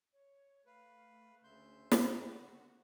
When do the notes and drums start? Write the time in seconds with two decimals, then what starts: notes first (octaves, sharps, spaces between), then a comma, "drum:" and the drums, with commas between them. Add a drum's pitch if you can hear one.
0.13 C#5
0.66 A3 B4 F5
1.44 D2 C#3 E5 C6 G6
1.92 drum: snare
2.22 D3 F#4 F#5